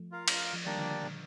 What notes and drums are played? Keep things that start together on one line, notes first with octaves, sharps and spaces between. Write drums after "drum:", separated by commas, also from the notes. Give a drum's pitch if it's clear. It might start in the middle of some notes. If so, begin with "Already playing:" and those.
Already playing: F3 A3
F4 A#4 F5
drum: cymbal
F3
D#3 G3 A#3 D4 G4 D5
D3 F3
A#2 D3